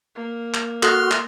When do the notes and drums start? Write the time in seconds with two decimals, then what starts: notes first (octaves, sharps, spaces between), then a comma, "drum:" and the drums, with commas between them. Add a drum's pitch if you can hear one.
0.15 A#3
0.54 drum: clap
0.83 F#4 A4 C6 D#6 F6 F#6, drum: clap
1.11 drum: clap